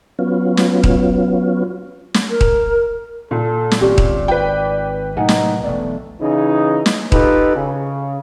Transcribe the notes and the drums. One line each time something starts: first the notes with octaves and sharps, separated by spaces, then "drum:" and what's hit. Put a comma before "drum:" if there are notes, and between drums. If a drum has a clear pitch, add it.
F#3 B3 C#4 F4
drum: snare
drum: kick D#1
drum: snare
A#4
drum: kick D#1
A#2 A4
drum: snare
G#1 C4 C#4 G4 D5
drum: kick D#1
F4 B4 G5
A2 C3 F#3 D#4 A#4 F#5 G#5
drum: snare
E1 B1 A3 D5
C#3 E3 D#4
drum: snare
D#4 F4 G4 A4 B4, drum: kick D#1
C#3